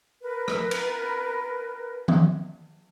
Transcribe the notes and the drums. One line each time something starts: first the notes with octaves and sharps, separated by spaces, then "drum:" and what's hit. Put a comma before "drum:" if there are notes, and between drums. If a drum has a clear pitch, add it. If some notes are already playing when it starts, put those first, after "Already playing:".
A#4 B4
drum: rim click
drum: cymbal
drum: tom D#3